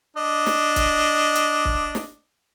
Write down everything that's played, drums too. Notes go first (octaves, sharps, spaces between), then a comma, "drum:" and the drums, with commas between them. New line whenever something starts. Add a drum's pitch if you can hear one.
D4 D#5
drum: snare
drum: kick, hi-hat
drum: hi-hat
drum: kick
drum: snare